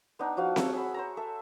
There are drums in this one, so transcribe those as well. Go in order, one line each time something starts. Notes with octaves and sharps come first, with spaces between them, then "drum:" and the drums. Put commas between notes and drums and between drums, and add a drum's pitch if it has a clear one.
B3 D4 D#4
F3 F#4 F5
C#5 E5, drum: snare C4
G#4 B5
C5 C#5 A#5
A4 E5